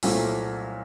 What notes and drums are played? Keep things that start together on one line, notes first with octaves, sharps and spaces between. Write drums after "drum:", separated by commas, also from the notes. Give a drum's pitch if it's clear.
C2 A#2 F#3 A3 C4, drum: open hi-hat